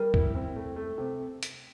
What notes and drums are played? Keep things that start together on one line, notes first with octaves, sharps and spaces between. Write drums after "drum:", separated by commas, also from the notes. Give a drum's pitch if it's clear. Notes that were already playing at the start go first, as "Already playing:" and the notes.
Already playing: G3 A#4
E4, drum: kick
C4
A3
A3
C3
drum: hi-hat